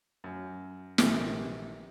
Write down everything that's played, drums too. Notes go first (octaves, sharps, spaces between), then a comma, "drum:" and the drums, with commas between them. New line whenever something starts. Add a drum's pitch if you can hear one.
F#2
A#1 C3 D#3 E3 A3, drum: snare